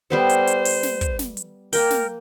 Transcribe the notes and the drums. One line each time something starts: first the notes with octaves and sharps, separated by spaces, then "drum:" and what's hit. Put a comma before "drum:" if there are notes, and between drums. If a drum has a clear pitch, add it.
G3 B3 A4 C5
drum: hi-hat
drum: hi-hat
drum: open hi-hat
drum: snare
drum: kick, hi-hat
drum: snare
drum: hi-hat
A#3 A#4 G5, drum: open hi-hat
drum: snare